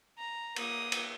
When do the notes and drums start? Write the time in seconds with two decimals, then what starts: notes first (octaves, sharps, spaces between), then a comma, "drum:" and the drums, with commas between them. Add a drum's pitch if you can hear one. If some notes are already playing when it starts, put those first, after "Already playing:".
0.18 A#5
0.56 A#3 D#6, drum: cymbal
0.92 drum: cymbal